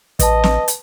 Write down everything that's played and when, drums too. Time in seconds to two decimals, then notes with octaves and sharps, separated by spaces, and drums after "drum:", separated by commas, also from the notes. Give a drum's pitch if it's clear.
0.19 A1 B4 D#5 A5, drum: kick, hi-hat
0.44 drum: snare
0.68 drum: hi-hat